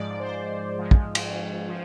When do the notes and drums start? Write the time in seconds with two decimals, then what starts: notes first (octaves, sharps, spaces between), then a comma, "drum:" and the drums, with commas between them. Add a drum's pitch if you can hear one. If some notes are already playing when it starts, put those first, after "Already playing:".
Already playing: G#2 F3 G#3 D5
0.19 C5
0.78 G#2 F3 G#3
0.91 drum: kick
1.15 drum: cymbal
1.68 F3